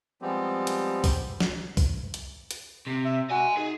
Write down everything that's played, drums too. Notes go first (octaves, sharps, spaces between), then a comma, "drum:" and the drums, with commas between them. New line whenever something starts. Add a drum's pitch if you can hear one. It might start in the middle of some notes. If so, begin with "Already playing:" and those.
F3 G3 G#3 B3 C4 G4
drum: hi-hat
drum: kick, open hi-hat
drum: snare
drum: kick, open hi-hat
drum: hi-hat
drum: hi-hat
C3
E5
F#4 D#5 G#5
D#4 G#4